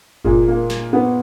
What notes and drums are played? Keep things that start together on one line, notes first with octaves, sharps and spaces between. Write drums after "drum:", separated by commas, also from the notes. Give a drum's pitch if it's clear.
A#2 G#3, drum: kick F#1
A#3
drum: snare
B3